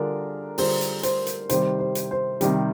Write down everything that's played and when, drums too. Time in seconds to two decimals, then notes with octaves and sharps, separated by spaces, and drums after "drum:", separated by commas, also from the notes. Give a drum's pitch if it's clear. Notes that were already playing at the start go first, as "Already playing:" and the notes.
Already playing: D3 G3 D4 F4 G#4 A#4
0.58 D3 G3 D4 F4 G#4 C5, drum: open hi-hat
0.81 drum: hi-hat
1.03 C5, drum: hi-hat
1.27 drum: hi-hat
1.49 C3 D#3 G3 C5, drum: hi-hat
1.79 C5
1.95 drum: hi-hat
2.11 C5
2.41 C3 D#3 G3, drum: hi-hat